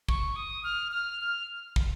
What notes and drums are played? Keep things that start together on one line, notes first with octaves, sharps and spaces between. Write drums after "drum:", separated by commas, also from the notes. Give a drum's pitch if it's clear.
C#6, drum: kick
D#6
F6
F6
F6
drum: kick